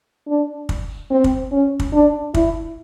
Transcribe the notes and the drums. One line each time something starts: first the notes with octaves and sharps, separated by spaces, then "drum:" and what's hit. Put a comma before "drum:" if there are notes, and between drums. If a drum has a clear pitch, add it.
D4
drum: kick
C4
drum: kick
C#4
drum: kick
D4
E4, drum: kick